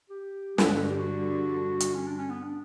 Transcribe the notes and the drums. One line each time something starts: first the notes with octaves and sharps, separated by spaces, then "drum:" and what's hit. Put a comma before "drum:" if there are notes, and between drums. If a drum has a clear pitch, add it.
G4
G2 D3 G3 B4, drum: snare
F#4
G4
F#4
drum: hi-hat
C#4
D4
C#4
B3
D4